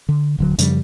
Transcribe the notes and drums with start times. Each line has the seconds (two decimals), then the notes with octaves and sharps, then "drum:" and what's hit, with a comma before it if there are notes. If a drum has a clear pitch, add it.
0.09 D3
0.38 D#1 D3 F#3
0.58 F#2 C#3 F3 G3, drum: hi-hat